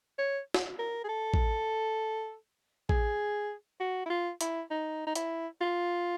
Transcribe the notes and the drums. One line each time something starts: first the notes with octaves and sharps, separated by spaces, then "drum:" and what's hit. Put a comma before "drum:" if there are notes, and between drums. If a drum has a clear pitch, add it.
C#5
drum: snare
A#4
G#4
A4
drum: kick
G#4, drum: kick
F#4
E4
F4
E4, drum: hi-hat
D#4
D#4
E4, drum: hi-hat
F4